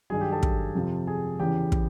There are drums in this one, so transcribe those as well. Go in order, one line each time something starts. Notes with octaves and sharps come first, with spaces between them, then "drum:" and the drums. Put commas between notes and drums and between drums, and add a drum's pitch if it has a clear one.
G2 D#3 F#3 G#4 G#5
G4 G5
A4 A5
drum: kick
F2 C3 F3
G#4 G#5
E2 C#3 E3 G4 G5
drum: kick